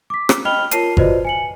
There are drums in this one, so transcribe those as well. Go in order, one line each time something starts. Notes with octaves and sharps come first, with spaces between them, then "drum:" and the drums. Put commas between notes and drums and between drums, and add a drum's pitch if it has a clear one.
D6 B6
drum: rim click
D#5 G5 B5 F6 F7 G7
F4 A#4 C#5 A5 C7 D#7, drum: hi-hat
F4 F#4 B4 C5 D5 D#5, drum: kick G1
G#5 C#7 F#7